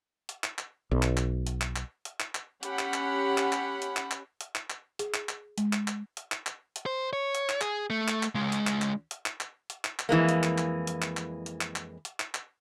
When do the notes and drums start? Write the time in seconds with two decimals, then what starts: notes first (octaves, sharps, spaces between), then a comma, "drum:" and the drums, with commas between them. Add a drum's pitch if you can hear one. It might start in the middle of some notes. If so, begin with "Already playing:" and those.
0.29 drum: hi-hat
0.44 drum: clap
0.58 drum: clap
0.91 B1
1.02 drum: clap
1.17 drum: clap
1.47 drum: hi-hat
1.61 drum: clap
1.76 drum: clap
2.05 drum: hi-hat
2.20 drum: clap
2.35 drum: clap
2.63 C#4 G4 F#5 B5, drum: hi-hat
2.79 drum: clap
2.94 drum: clap
3.38 drum: clap
3.52 drum: clap
3.82 drum: hi-hat
3.96 drum: clap
4.11 drum: clap
4.41 drum: hi-hat
4.55 drum: clap
4.70 drum: clap
4.99 G#4, drum: hi-hat
5.14 drum: clap
5.29 drum: clap
5.58 G#3, drum: hi-hat
5.73 drum: clap
5.88 drum: clap
6.17 drum: hi-hat
6.32 drum: clap
6.46 drum: clap
6.76 drum: hi-hat
6.86 C5
7.13 C#5
7.35 drum: hi-hat
7.49 drum: clap
7.61 G#4, drum: clap
7.90 A3
8.08 drum: clap
8.23 drum: clap
8.35 C#2 G#3
8.52 drum: hi-hat
8.67 drum: clap
8.82 drum: clap
9.11 drum: hi-hat
9.26 drum: clap
9.40 drum: clap
9.70 drum: hi-hat
9.84 drum: clap
9.99 drum: clap
10.09 F2 E3 G#3 A#3
10.29 drum: hi-hat
10.43 drum: clap
10.58 drum: clap
10.87 drum: hi-hat
11.02 drum: clap
11.17 drum: clap
11.46 drum: hi-hat
11.61 drum: clap
11.76 drum: clap
12.05 drum: hi-hat
12.20 drum: clap
12.34 drum: clap